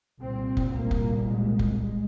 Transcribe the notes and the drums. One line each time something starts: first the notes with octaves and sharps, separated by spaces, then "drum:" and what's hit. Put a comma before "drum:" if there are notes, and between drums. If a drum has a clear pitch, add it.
C2 A#2 C4
drum: kick F1
A#3
drum: kick F1
G#3
drum: kick F1
G#3